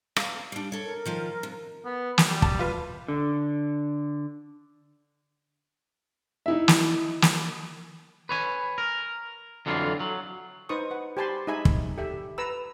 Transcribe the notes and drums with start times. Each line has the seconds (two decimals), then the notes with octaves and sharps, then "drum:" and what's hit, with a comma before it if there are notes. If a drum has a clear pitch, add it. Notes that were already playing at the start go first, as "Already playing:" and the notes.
0.16 E2 F5, drum: rim click
0.52 G3 D4
0.72 A4 C#5
0.84 A#4
1.06 D#3 F3 F4
1.43 C3
1.85 B3
2.18 drum: snare
2.27 G3
2.42 A5, drum: kick
2.59 F4 B4
3.08 D3
6.46 D#4 E4 E5
6.68 drum: snare
7.22 drum: snare
8.29 B4 C#5 G#5
8.78 A#4
9.66 F2 D3 E3 F#3 F4
10.00 F#3
10.69 D#4 B4 C5 C#6 D#6
10.91 B4 F#5
11.17 G4 C5 G#5 A5 B5 C6
11.47 D#4 G#4 E5 G#5 B5
11.65 drum: kick
11.98 G4 A4 E5
12.38 B4 A#5 E6